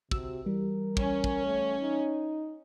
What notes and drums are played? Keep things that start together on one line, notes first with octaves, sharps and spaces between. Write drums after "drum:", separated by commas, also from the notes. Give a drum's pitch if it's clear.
C3 F#4 E6, drum: kick
E3 G3 A#4
C#4, drum: kick
drum: kick
A3
D#4